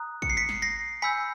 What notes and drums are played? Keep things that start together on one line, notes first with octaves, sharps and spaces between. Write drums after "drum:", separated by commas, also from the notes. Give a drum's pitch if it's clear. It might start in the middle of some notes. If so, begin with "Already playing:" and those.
Already playing: A#5 D#6 F#6
C#7, drum: kick
C7
B6 C#7
drum: snare
A#6 C7
G#5 B5 E6 G6 B6 C#7